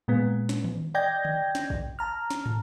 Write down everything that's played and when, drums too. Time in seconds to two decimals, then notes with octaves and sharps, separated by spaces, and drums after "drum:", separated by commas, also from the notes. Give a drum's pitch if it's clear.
0.08 A#2 G#3 B3
0.49 drum: snare
0.64 drum: tom D#3
0.94 D5 D#5 G5 G6 G#6 A#6
1.25 drum: tom D3
1.55 drum: snare
1.70 drum: kick
1.99 A5 A#5 F6
2.30 drum: snare
2.46 drum: tom